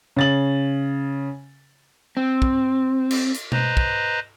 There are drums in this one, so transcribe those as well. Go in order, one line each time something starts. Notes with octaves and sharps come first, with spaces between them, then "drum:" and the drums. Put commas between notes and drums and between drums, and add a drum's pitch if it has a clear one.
C#3 A6 F#7
C4
drum: kick
drum: cymbal
drum: hi-hat
B4 C5 D#5 A#5, drum: tom B2
drum: kick